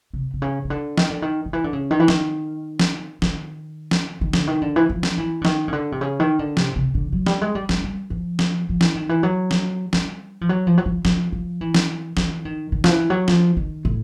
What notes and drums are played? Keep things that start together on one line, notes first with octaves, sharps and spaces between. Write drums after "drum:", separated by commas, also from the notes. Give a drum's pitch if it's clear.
C3
C3
C#3
C#3
D3
D#3, drum: snare
D3
D#3
D#3
E3
D3
C#3
D#3
E3
D#3, drum: snare
drum: snare
D#3, drum: snare
drum: snare
D#3
D3, drum: snare
D#3
D3
E3
F3
drum: snare
E3
D3
D#3, drum: snare
C#3
D3
C3
C#3
D#3
D3
C3, drum: snare
C3
D3
F#3
G3, drum: snare
G#3
G3
G3, drum: snare
G3
F3
drum: snare
F3
E3, drum: snare
D#3
E3
F#3
drum: snare
G3, drum: snare
F3
F#3
F3
F#3
F3
F3, drum: snare
F3
E3
drum: snare
E3, drum: snare
D#3
D#3
F3, drum: snare
E3
F#3
F3, drum: snare
D#3
A2